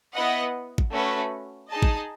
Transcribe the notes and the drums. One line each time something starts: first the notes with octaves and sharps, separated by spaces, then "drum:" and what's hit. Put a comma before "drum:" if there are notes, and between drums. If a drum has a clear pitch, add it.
B3 E4 B4 D#5 F#5
drum: kick
A3 C#4 F#4 B4
D#4 G#4 D#5 A5
drum: kick